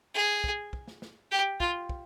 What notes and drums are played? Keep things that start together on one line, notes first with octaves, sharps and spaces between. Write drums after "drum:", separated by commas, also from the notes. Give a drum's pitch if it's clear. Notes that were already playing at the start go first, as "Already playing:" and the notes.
G#4
drum: kick
drum: kick
drum: snare
drum: snare
G4
F4, drum: kick
drum: kick